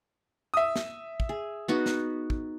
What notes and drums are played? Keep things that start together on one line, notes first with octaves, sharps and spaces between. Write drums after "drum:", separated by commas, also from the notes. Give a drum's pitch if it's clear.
E5 D#6
drum: snare
drum: kick
G#4
B3 D#4 F#4
drum: snare
drum: kick